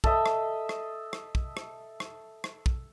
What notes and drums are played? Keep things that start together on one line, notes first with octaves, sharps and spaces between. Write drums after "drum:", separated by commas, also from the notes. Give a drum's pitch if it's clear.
A4 D#5 E5, drum: kick
drum: rim click
drum: rim click
drum: rim click
drum: kick
drum: rim click
drum: rim click
drum: rim click
drum: kick